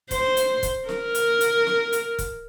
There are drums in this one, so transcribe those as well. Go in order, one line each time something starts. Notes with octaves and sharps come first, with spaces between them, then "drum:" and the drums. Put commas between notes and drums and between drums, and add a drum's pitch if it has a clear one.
C5, drum: kick, hi-hat
drum: hi-hat
drum: kick, hi-hat
A#4, drum: snare
drum: hi-hat
drum: hi-hat
drum: snare
drum: hi-hat
drum: kick, hi-hat